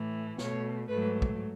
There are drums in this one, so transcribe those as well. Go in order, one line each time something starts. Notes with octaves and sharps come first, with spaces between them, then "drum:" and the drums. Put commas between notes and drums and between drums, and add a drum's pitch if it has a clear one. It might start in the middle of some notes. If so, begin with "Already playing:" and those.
Already playing: A2 E3 A3
B2 A3 C#5, drum: snare
G#2 F#3 A3 B4
drum: kick